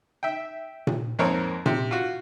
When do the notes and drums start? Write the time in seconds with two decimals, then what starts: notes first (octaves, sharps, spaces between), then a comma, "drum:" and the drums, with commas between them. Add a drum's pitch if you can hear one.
0.23 E5 G5
0.87 drum: tom A#2
1.19 F2 G#2 A#3 C4 A#4 C#5
1.66 C3, drum: tom A#2
1.91 F4 F#4